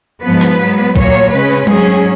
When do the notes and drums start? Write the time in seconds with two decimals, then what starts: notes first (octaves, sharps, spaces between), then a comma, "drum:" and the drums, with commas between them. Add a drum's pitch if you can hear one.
0.23 G#2 F3 B3 B4
0.41 drum: rim click
0.59 G#2 F#3 B3
0.96 A#2 F#3 A#3 C#5, drum: kick A#1
1.31 C#3 G#3 C#4 B4
1.67 G#2 F#3 C#4 G#4, drum: tom G3